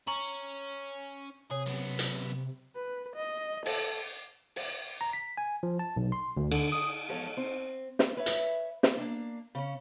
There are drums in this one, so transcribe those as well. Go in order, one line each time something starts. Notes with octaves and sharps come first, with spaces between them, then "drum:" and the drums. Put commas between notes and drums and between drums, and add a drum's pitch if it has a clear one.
C#4 A#5 C#6 F#7
C3 G#4 C#5
F#2 B3
drum: hi-hat
B4
D#5
A4, drum: open hi-hat
drum: open hi-hat
A#5
B6
G#5
F3
A5
B1
C6
D2
D3, drum: cymbal
D#6
E2 G#2 F3 A4 C#5
C4
drum: snare
B4 C#5 E5
drum: hi-hat
drum: snare
A#3 D4
C#3 C#4